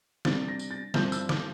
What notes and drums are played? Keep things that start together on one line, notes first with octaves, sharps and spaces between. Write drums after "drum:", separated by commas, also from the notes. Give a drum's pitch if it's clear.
C3 G3 D4 A6, drum: snare
A#6
drum: tambourine
A6
G2 F3 C4 E4 G6, drum: snare
E6, drum: tambourine
D6, drum: snare